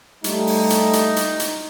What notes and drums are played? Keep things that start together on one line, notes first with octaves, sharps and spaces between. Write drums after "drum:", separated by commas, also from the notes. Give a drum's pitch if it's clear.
G3 A3 D#4, drum: hi-hat
drum: open hi-hat
drum: hi-hat
drum: hi-hat
drum: hi-hat
drum: hi-hat